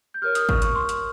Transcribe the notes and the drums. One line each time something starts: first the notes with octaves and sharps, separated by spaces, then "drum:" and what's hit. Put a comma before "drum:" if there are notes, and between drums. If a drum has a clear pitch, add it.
G6
G4 A#4 C#5 F6
D#6, drum: hi-hat
C#6, drum: kick G#1
C#6, drum: hi-hat
C6
drum: hi-hat